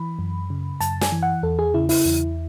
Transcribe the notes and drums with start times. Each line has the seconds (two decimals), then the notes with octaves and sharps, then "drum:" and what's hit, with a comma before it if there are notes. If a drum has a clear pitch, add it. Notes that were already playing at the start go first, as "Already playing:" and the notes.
Already playing: E3 B5
0.19 F#2
0.50 C#3
0.80 F#2 A5, drum: hi-hat
1.01 G#5, drum: snare
1.12 E3
1.23 F#5
1.43 E2 A4
1.59 G#4
1.74 C#3 E4
1.89 E4, drum: open hi-hat
2.05 E2